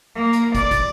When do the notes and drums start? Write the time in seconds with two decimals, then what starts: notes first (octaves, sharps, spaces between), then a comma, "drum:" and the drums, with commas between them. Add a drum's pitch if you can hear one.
0.14 A#3
0.33 drum: hi-hat
0.55 D5, drum: kick, hi-hat
0.71 drum: kick, hi-hat